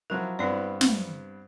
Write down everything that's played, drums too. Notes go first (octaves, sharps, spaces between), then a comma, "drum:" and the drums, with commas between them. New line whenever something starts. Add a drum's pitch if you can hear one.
F3 F#3 E4 A#4
G2 B3 C4 E4 D5
drum: snare